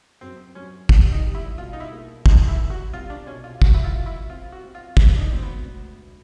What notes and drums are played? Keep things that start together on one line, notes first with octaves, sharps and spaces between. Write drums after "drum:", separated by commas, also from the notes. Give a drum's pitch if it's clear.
F#2 C4
F#3 C#4
C2 D4, drum: kick
D#4
G3
E4
B2 F4
D#4
E4
A#3
C2 D#4, drum: kick
E4
C3
F#4
C2 F4
D4
B2 C#4
F4
F#2 F#4, drum: kick
E4
F4
F#2
E4
C4 F4
F#4
C4
F4
E1 E4, drum: kick
D4
D#4
D2 C4
B3
F1